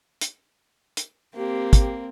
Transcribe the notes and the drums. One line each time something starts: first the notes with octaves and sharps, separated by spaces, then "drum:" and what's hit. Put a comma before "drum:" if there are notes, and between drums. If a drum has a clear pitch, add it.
drum: hi-hat
drum: hi-hat
A#3 C4 G4
drum: kick, hi-hat